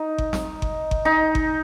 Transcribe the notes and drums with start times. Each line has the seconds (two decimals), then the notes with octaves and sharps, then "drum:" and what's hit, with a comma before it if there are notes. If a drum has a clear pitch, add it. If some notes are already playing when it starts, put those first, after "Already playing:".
Already playing: D#4
0.18 drum: kick G1
0.33 drum: snare
0.62 drum: kick G1
0.91 drum: kick G1
1.05 D#4
1.35 drum: kick G1